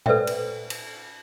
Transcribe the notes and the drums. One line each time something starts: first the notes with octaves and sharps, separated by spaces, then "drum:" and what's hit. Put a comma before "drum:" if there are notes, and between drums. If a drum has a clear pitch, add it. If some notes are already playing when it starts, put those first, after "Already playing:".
A4 B4 C5 D5 E5 G5, drum: tom A#2
drum: cymbal
drum: cymbal